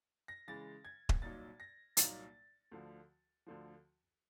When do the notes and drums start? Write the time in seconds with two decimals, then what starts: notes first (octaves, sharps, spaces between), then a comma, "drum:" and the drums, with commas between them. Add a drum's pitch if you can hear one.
0.28 A#6
0.47 C#3 E3 G#3 A6
0.85 G#6
1.09 drum: kick D#1
1.22 C2 A#2 F#3 A#3 D#4 A6
1.60 A#6
1.97 C2 A#2 F#3 A#3 D#4 A6, drum: hi-hat
2.71 D2 D3 F3
3.46 D2 D3 F3